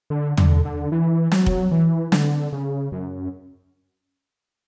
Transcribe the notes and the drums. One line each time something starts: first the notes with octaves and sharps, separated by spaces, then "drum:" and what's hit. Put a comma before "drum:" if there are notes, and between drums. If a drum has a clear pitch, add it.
D3
D3, drum: tom
D3
E3
F#3, drum: snare
drum: kick F1
E3
D3, drum: snare
C#3
F#2